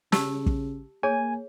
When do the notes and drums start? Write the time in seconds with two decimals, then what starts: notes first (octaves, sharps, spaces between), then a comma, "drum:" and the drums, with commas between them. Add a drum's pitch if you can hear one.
0.12 C#3 G4 A5 E6, drum: snare
0.46 drum: kick
1.03 A#3 G#4 C#5 G#5